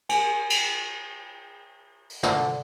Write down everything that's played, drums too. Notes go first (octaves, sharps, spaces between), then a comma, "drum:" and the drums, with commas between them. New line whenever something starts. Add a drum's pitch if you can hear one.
G#5, drum: cymbal
drum: cymbal
drum: open hi-hat
D3, drum: snare